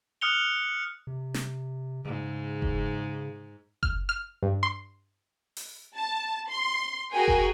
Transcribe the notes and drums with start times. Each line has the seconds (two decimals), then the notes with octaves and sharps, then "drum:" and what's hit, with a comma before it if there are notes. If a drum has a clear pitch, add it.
0.21 D#6 F6 F#6 C#7 F7 G7
1.07 C3
1.34 drum: snare
2.05 G#2 C#3
2.62 drum: kick F#1
3.83 F6, drum: kick F#1
4.09 F6
4.43 G2
4.63 C6
5.57 drum: open hi-hat
5.94 A5
6.49 C6
7.13 F#4 G#4 A#4 G5 G#5
7.28 drum: kick F#1